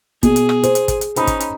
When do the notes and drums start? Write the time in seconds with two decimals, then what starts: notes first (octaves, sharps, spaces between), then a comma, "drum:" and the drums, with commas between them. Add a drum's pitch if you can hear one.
0.23 B2 G#4, drum: kick, hi-hat
0.36 drum: hi-hat
0.49 drum: rim click
0.63 C5, drum: hi-hat
0.75 drum: hi-hat
0.88 drum: kick, hi-hat
1.01 drum: hi-hat
1.16 C#4 D#4 C5 B5 D#6, drum: hi-hat
1.27 drum: kick, hi-hat
1.40 drum: hi-hat